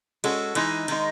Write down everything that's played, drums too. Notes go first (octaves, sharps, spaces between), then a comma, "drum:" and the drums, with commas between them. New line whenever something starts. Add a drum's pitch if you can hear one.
G#3 C#4 F#4 A4, drum: cymbal
E3 G#3 D#4 G#4, drum: cymbal
D#3 G#3 D#4, drum: cymbal